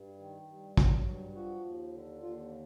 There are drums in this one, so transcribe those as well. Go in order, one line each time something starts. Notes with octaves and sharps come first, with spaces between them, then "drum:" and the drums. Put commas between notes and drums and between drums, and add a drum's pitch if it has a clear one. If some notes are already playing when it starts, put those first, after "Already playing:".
Already playing: G2
D#3
G2
F#3, drum: kick
G2
F3 F#4
D#2
D3
D#2 F4